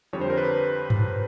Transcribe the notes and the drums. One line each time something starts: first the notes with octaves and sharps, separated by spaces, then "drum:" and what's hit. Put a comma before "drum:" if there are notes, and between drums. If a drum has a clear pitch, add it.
F2 D3 G3 C#5
C5
A#4
B4
drum: tom G2